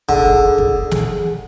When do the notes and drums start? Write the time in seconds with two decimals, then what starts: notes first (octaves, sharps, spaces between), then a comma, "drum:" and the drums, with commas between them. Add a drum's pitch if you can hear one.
0.09 D3 G#4, drum: kick
0.25 drum: kick
0.58 drum: kick
0.91 drum: snare